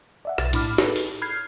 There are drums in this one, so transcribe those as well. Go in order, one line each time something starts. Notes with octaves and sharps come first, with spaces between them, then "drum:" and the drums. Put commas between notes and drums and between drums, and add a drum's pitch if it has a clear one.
D5 E5 F#5
B1 A6, drum: rim click
A2 D4 E4 B5 D6 F6, drum: cymbal
D#4 G#4 A4 B4, drum: snare
drum: open hi-hat
B5 F6 G6 G#6 C7